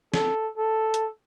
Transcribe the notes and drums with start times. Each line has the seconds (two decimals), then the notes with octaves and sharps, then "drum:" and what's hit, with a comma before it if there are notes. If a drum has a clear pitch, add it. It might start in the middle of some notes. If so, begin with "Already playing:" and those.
0.14 A4, drum: snare
0.57 A4
0.94 drum: hi-hat